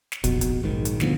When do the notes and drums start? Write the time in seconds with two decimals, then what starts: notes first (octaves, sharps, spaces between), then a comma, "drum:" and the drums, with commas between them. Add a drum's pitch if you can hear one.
0.12 drum: snare
0.24 F1 A#1 B2, drum: kick, hi-hat
0.41 drum: hi-hat
0.63 A#1 G#2 D#3
0.85 drum: hi-hat
1.00 D2 D3 F3 B3, drum: snare